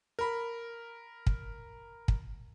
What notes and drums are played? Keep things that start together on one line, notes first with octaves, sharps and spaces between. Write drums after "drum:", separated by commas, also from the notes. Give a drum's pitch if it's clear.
A#4 B5
drum: kick
drum: kick